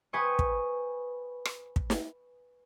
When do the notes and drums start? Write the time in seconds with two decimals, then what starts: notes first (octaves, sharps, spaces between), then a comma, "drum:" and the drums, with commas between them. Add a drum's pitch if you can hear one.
0.13 B4 C5 G5 G#5 C#6 D#6
0.39 drum: kick
1.45 drum: rim click
1.76 drum: kick
1.90 drum: snare